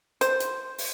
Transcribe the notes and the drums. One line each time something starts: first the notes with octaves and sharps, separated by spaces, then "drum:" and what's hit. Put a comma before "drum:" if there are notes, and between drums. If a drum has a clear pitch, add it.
C5, drum: hi-hat
drum: hi-hat
drum: open hi-hat